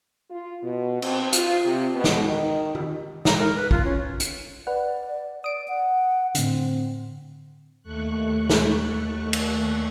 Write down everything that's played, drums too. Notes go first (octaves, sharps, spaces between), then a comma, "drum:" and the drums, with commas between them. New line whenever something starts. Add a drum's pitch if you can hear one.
F4
B2
C4, drum: cymbal
F4, drum: hi-hat
C3
B2
drum: snare
D#3
drum: tom
A#5, drum: snare
A#4
B4
F4, drum: kick
C#4
drum: hi-hat
B4 D5 F#5
D5 D#6 D7
F#5
A2 D3 C4, drum: hi-hat
D#2 A3 C#6 F#6
drum: snare
drum: cymbal